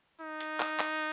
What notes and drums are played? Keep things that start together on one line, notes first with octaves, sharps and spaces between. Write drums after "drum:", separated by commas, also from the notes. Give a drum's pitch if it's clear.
D#4
drum: hi-hat
drum: clap
drum: clap